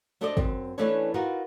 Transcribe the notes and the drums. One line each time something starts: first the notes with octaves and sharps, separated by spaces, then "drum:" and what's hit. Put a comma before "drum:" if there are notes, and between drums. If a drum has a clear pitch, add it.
A3 D4 A4 C5 D5 D#5
F#2 C4, drum: kick
E3 A3 C#4 D4 B4 C#5
D#4 F4 F#4 A#4 B4